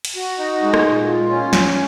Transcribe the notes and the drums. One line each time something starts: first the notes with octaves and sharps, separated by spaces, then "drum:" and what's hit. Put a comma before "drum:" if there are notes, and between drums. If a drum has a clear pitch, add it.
drum: cymbal
F#4
D#4
G#3
drum: rim click
A#2
F4
C#4
A#3, drum: snare